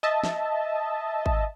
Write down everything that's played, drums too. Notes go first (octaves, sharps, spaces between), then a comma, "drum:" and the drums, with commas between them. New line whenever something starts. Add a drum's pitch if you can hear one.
D#5 E5 A5
drum: snare
drum: kick G#1